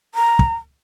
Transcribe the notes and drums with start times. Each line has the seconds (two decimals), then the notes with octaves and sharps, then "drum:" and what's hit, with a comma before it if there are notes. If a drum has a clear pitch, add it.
0.15 A#5
0.39 drum: kick